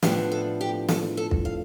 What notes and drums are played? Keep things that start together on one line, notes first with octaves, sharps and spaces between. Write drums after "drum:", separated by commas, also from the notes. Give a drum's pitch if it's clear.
A2 F3 B3 D4 G4, drum: snare
A4
G4
A4, drum: snare
A4
drum: kick
F5